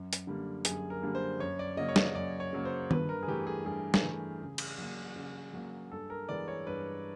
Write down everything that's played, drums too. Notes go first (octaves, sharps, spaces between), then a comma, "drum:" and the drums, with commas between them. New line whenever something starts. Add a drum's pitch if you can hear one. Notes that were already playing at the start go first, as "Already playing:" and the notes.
Already playing: F#2
drum: hi-hat
D3 G3 A#3
F#2 G#4, drum: hi-hat
A#4
D3 G3 A#3
C5
F#2 C#5
D5
C#3 F#3 A#3 D#5
C#5
D5, drum: snare
F#2 D5
C#5
C#3 F#3 A#3
C5
G2 B4, drum: tom D#3
A#4
G#4
E3 A3 G4
G#4
G2 G#4
drum: snare
E3 A3
C#3
drum: cymbal
F#3 A#3
C#3
F#3 A#3
G2 A4
A#4
E3 G#3 B3 D5
C#5
G2 B4